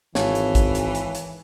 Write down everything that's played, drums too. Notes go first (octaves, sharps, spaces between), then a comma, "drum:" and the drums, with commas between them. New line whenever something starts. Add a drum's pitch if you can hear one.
G#1 E3 C#5 F5 A5, drum: snare
drum: hi-hat
drum: kick, hi-hat
drum: hi-hat
drum: hi-hat
drum: hi-hat